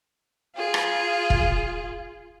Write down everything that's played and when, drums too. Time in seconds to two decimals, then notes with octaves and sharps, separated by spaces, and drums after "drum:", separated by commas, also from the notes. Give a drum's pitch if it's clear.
0.55 F4 G#4
0.74 drum: rim click
1.30 drum: kick E1